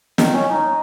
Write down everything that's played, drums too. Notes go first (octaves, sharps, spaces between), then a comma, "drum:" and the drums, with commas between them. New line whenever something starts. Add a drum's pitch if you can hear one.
D#3, drum: snare
C#4
D#4